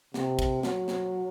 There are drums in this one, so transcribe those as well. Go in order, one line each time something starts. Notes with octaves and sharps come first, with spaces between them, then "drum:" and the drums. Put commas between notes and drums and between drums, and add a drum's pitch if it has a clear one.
C3, drum: snare
drum: kick, cymbal
F#3, drum: snare
drum: snare